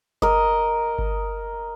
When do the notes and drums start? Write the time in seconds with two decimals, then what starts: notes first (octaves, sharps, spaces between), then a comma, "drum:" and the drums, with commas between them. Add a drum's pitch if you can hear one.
0.22 A#4 D#5, drum: kick G1
0.99 drum: kick G1